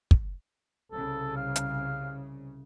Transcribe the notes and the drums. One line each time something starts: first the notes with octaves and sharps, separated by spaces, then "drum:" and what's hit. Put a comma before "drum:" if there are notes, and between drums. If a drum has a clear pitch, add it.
drum: kick
C2 C#3 A4
F5
drum: hi-hat